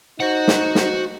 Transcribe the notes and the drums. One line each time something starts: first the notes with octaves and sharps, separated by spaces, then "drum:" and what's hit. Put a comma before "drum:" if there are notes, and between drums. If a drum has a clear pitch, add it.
D#4 F#4 C5 F#5
drum: snare
drum: snare